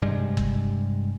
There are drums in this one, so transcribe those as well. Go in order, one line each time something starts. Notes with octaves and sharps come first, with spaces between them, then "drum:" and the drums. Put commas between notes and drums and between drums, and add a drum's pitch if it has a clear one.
G2 C3 G3 G#3
drum: kick G1